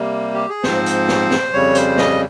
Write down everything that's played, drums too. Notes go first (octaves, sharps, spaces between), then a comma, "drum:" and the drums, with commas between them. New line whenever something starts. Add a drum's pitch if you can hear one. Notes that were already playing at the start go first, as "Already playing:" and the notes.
Already playing: C3 G3 A#3
G4
G#4
G#2 F3 C4 C5, drum: snare
drum: hi-hat
drum: snare
drum: snare
F2 C#3 G3 C#5
C5, drum: hi-hat
D#5, drum: snare